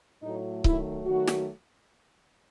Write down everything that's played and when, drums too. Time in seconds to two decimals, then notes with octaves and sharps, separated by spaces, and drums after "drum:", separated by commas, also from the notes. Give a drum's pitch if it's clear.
0.23 A2 F#3 A3 D#4
0.64 D#3 F#3 A3 E4, drum: kick C#1
1.06 D#3 F#3 A3 F#4
1.27 drum: snare